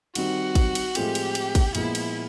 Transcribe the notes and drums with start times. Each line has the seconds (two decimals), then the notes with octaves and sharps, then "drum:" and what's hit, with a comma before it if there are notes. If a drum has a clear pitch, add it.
0.15 D#3 G3 C4 F#4, drum: cymbal
0.55 drum: kick, cymbal
0.75 drum: cymbal
0.95 A2 F3 G#3 C4 F4 G4, drum: cymbal
1.15 drum: cymbal
1.35 drum: cymbal
1.55 drum: kick, cymbal
1.75 A#2 F3 G#3 B3 E4, drum: cymbal
1.95 drum: cymbal